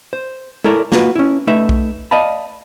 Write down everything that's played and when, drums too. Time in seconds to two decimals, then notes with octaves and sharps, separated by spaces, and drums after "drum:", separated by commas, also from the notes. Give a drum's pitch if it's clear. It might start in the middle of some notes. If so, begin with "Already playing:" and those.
0.13 C5
0.64 E4 A4 A#4 C#5 D5, drum: tom G#3
0.92 A#3 F4 F#4 A#4 B4, drum: snare
1.15 C#4 E4
1.47 A3 D#4 B4 E5
1.69 drum: kick
2.11 D5 D#5 F5 A5 B5